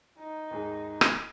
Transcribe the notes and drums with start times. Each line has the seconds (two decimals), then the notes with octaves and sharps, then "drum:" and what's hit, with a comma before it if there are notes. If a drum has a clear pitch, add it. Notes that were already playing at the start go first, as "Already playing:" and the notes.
0.18 D#4
0.51 D#2 G#2 G#4
1.01 drum: rim click